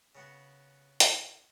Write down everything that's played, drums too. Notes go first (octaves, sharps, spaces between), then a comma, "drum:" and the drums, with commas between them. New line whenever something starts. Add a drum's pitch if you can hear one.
C#3 B3 F#4
drum: hi-hat